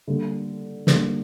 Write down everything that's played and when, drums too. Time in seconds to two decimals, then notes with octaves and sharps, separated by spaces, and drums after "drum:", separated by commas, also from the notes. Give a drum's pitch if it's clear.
0.07 D3 G3 A#3
0.87 D3 G3 A#3, drum: snare